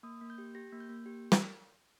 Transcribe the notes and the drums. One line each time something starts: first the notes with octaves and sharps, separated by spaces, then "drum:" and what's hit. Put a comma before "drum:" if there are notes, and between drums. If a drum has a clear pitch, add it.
A#3 D#6
A#3
G6
G4
G4 A#6
A#3
G6
A#3
G4
drum: snare